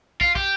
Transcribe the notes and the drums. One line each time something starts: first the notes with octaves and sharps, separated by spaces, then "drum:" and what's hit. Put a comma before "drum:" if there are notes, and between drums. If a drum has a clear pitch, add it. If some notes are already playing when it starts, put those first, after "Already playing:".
F4, drum: kick
G4, drum: kick